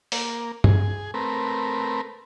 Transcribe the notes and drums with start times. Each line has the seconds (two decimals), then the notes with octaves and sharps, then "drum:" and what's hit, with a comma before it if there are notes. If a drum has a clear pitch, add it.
0.12 A#3, drum: open hi-hat
0.64 G#4, drum: tom
1.14 A3 C4 A#4 B4